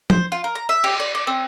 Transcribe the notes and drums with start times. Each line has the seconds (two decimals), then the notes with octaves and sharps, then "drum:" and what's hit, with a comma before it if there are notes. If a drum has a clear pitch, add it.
0.10 C5, drum: tom F3
0.32 F4
0.44 A#4
0.55 A#5
0.69 E5
0.84 G4, drum: cymbal
1.00 D5
1.15 D5
1.27 C4